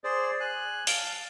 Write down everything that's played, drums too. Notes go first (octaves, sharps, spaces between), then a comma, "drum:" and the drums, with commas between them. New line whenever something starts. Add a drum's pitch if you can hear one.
G#4 C5 D5
G#5 F#6
F5 A5, drum: open hi-hat